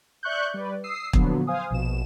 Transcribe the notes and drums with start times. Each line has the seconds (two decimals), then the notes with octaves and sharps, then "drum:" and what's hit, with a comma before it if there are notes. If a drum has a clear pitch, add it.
0.23 D5 E5 C#6 F#6 G6
0.54 G3 B4 D5
0.84 D#6 E6 C7
1.13 A#2 D3 F3 F#3 B3, drum: kick
1.47 C5 F5 G#5 D#6
1.70 A#1 B2 E7